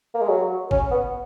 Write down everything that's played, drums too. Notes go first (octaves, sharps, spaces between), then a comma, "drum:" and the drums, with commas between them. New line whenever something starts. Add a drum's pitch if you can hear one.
A#3
G#3
F#3
C#4, drum: kick G1
B3